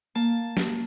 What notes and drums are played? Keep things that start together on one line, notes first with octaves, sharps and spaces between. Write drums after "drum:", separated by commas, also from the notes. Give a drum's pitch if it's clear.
A#3 A5
drum: snare